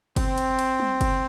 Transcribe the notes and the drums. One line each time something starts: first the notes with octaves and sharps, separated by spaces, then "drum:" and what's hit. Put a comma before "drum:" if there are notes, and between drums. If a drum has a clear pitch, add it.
C4, drum: kick F#1, cymbal
drum: cymbal
drum: cymbal
drum: tom
drum: kick F#1, cymbal